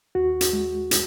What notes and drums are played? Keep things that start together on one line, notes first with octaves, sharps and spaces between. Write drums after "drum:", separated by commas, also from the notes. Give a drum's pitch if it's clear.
D#2 F#4
drum: hi-hat
G#3
drum: hi-hat